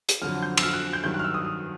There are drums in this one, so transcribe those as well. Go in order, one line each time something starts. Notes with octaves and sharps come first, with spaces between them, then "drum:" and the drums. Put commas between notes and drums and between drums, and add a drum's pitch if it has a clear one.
drum: hi-hat
F2 D3 F#3 F6
G6
E6, drum: cymbal
F6
F#6
G6
G2 D#3 F#3 G6
F#6
F6
E6
D#6
D#6